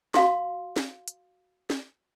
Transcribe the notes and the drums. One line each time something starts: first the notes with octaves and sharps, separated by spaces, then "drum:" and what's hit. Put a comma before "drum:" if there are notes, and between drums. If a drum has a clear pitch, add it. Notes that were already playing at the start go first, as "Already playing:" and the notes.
F#4 F5 C6, drum: snare
drum: snare
drum: hi-hat
drum: snare